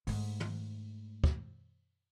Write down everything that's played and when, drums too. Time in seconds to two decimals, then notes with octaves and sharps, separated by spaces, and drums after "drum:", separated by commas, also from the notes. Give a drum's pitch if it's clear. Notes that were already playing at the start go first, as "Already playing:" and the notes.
0.07 G#2 A3, drum: open hi-hat
0.40 drum: tom
1.24 drum: kick